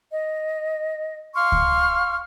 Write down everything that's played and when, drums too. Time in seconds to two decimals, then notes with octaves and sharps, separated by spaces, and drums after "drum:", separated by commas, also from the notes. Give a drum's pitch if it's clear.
0.09 D#5
1.34 F5 C6 C#6 F6
1.52 drum: kick C#2